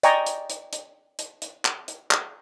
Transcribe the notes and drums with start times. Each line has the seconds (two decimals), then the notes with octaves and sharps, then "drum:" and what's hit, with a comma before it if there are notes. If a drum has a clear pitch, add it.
0.03 D5 D#5 G5 G#5 A#5 C#6, drum: hi-hat
0.26 drum: hi-hat
0.50 drum: hi-hat
0.73 drum: hi-hat
1.19 drum: hi-hat
1.42 drum: hi-hat
1.65 drum: clap
1.88 drum: hi-hat
2.11 drum: clap